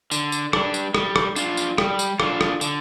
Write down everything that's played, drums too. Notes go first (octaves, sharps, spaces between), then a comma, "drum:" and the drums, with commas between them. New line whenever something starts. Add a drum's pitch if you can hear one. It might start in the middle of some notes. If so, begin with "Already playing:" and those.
D3, drum: tambourine
drum: tambourine
G3 D4, drum: rim click
drum: tambourine
G3, drum: rim click
drum: rim click
D4 F4, drum: tambourine
drum: tambourine
G3, drum: rim click
drum: tambourine
D4 F4, drum: rim click
drum: rim click
D3, drum: tambourine